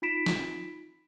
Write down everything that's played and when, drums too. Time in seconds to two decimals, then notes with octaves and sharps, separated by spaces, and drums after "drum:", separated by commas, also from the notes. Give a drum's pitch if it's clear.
0.02 D#4 F4 B5 B6 D7 E7
0.26 drum: snare